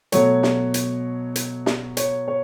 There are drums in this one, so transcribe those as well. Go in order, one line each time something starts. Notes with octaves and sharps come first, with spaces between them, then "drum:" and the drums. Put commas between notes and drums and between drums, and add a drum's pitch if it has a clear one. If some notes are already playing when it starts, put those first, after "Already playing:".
B2 F#3 A3 C#5, drum: hi-hat
drum: snare
drum: hi-hat
drum: hi-hat
drum: snare
C#5, drum: hi-hat
C#5